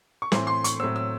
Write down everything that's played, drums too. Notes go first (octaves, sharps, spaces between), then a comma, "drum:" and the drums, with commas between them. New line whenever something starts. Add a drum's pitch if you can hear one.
C#6
A2 E3 C4 C6, drum: snare
C6
C#6, drum: hi-hat
A2 F#3 C4 E6
E6